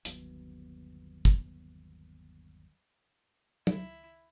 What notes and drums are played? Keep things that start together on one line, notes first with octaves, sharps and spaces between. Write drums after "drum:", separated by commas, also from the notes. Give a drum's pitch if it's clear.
G1 D#2 F#3 B3, drum: hi-hat
drum: kick
C#2 D#3 A3 E4, drum: tom